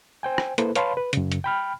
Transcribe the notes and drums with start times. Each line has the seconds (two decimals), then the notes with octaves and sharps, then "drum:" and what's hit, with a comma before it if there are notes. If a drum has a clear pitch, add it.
0.23 C5 G5 G#5
0.38 drum: rim click
0.58 A#3 E4 A4 B4 C5, drum: hi-hat
0.75 B4 C#5 F5 A5 B5 C6, drum: hi-hat
0.97 B4
1.13 F#2 C#3, drum: hi-hat
1.32 drum: hi-hat
1.44 G5 B5 F6